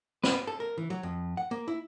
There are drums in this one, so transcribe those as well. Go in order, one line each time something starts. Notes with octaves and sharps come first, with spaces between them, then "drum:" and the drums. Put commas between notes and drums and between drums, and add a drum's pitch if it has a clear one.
B4, drum: snare
A4
A#4
E3
F#3
F2
F#5
A#3
E4